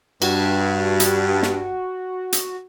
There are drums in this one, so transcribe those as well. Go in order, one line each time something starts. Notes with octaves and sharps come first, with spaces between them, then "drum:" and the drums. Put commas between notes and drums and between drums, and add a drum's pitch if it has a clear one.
G2 F#4, drum: cymbal
drum: hi-hat
drum: snare
drum: hi-hat